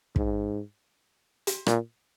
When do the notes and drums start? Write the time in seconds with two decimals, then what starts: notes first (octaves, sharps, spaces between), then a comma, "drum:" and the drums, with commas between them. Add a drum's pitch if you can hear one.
0.16 G#2, drum: kick
1.47 drum: hi-hat
1.66 A#2, drum: rim click